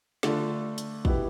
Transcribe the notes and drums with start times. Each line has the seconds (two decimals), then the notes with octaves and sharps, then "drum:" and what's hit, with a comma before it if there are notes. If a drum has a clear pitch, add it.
0.23 D3 A3 D4 F4, drum: snare
0.78 drum: hi-hat
1.05 B2 B3 E4 G4 B4, drum: kick